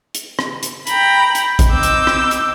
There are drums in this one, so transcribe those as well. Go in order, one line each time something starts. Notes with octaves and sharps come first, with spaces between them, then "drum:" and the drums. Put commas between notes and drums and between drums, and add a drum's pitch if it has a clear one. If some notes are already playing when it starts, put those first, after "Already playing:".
drum: hi-hat
drum: rim click
drum: hi-hat
G5 A#5 B5, drum: hi-hat
drum: hi-hat
drum: kick A1, hi-hat
C4 D#4 D6 E6 G6
drum: hi-hat
drum: rim click
drum: hi-hat